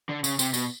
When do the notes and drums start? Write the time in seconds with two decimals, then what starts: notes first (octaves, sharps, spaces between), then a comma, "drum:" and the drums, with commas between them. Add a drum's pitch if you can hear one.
0.09 D3
0.24 C#3, drum: tambourine
0.39 C3, drum: tambourine
0.54 B2, drum: tambourine